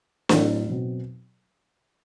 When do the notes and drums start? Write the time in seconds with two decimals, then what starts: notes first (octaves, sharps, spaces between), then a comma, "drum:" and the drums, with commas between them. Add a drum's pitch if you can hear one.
0.29 A2 F#3 C4 F#4, drum: snare
0.69 B2 F#3 C4